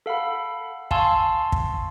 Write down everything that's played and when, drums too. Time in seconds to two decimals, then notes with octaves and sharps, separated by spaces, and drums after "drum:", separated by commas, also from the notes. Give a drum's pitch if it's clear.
0.06 A4 F5 F#5 B5
0.91 F5 G#5 A5 C6 C#6 E6, drum: kick
1.52 drum: kick